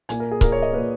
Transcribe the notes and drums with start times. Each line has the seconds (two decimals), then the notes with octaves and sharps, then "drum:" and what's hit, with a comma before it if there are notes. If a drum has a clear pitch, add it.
0.09 A#2 A#3 G#5, drum: hi-hat
0.20 A#4
0.31 G#4
0.41 A#2 A#3 A#4, drum: kick, hi-hat
0.52 C#5
0.62 D#5
0.73 A#2 A#3 B4